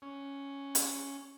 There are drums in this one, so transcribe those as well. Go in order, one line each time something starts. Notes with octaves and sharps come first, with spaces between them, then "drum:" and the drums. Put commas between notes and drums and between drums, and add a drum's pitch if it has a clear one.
C#4
drum: hi-hat